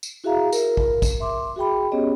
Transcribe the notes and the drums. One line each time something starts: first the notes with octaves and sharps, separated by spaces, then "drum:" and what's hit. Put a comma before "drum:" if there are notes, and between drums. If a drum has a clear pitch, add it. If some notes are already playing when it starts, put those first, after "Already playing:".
drum: tambourine
E4 F#4 G#4 E5 F5 A#5
A#4, drum: tambourine
drum: kick
drum: kick, tambourine
E5 C6 D6
F#4 G#4 G5 B5
B3 C#4 G4 G#4 C#5 D#5